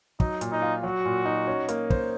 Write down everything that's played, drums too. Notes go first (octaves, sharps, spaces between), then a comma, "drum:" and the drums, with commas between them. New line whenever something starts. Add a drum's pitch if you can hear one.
F#3 D#4, drum: kick
A#2, drum: hi-hat
D#4
F4
F#3 F#4
A#2
D#4
C#4
A#3, drum: hi-hat
C5, drum: kick